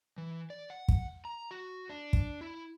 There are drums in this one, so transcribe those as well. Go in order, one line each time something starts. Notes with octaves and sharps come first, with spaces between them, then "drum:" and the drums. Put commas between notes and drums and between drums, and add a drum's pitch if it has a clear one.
E3
D5
F#5
drum: kick
A#5
F#4
D4
drum: kick
E4